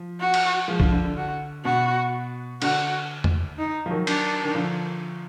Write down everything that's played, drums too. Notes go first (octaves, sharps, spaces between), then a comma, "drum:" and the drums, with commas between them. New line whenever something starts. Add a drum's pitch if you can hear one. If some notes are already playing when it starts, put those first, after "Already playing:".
Already playing: F3
F#4
drum: cymbal
F3 G#3
D3 F3, drum: kick B1
D3 F3
D3
F#4
B2 F#4
D3 F#4, drum: cymbal
drum: tom E2
D#4
F3
D#3 F#3
D4, drum: cymbal
D#3
D3 F3